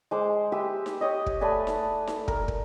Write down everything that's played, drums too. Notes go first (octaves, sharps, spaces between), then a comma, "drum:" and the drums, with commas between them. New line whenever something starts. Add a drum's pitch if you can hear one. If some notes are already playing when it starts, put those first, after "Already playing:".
G#3 C5 D6
G4 B4 E5
drum: snare D#4
G4 C#5 D#5
drum: kick
A3 B4 D5 G#5
drum: snare D#4
drum: snare D#4
A#4, drum: kick
drum: kick